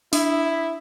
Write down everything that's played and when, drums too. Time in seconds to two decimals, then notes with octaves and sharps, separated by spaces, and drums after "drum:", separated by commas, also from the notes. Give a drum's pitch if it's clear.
0.13 D4 E4, drum: open hi-hat